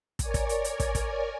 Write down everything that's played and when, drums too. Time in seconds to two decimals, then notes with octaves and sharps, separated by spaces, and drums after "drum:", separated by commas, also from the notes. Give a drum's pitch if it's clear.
0.19 A#4 C#5 D5 G#5, drum: kick, hi-hat
0.34 drum: kick, hi-hat
0.49 drum: hi-hat
0.64 drum: hi-hat
0.80 drum: kick, hi-hat
0.95 drum: kick, hi-hat